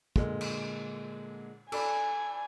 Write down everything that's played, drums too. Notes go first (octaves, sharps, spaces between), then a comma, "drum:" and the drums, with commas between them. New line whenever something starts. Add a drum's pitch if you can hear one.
A#2 D3 G#3, drum: kick
drum: cymbal
A4 D5 G#5 B5, drum: cymbal